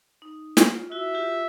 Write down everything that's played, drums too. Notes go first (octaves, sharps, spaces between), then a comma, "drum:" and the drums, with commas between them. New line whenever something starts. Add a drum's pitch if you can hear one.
D#4
F4, drum: snare
E4 F#4 E5
F4 G4